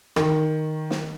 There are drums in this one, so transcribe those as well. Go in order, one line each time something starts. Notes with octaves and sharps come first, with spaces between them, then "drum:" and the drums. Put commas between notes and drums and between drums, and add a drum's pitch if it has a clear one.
D#3, drum: rim click
drum: snare